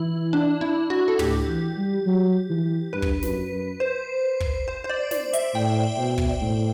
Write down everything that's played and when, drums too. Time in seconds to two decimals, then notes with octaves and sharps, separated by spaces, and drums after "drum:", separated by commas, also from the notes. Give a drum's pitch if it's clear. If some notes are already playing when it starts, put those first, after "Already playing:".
Already playing: E3 E4
0.33 D4
0.61 E4
0.90 F#4
1.08 A4
1.19 A2 G4, drum: tom
1.48 E3
1.77 G3
2.06 F#3
2.50 E3
2.93 G2 B4
3.02 drum: kick
3.22 F#2, drum: snare
3.52 F#2
3.80 C5
4.40 drum: kick
4.68 C5
4.84 C5
4.89 D5
5.11 D5, drum: snare
5.33 E5, drum: hi-hat
5.54 A2 G5
5.98 B2
6.18 drum: kick
6.41 A2